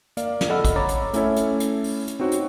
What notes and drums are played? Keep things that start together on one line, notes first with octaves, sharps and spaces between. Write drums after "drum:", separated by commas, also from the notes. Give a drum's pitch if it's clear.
A#3 D5 F5, drum: hi-hat
drum: snare
A4 D#5 F#5 B5 E6 F6
drum: kick, hi-hat
C#5 A#5 B5 D6 A6
drum: hi-hat
A3 C#4 E4 A4 C#5, drum: hi-hat
drum: hi-hat
drum: hi-hat
drum: open hi-hat
drum: hi-hat
C4 D#4 F#4 C#5
drum: hi-hat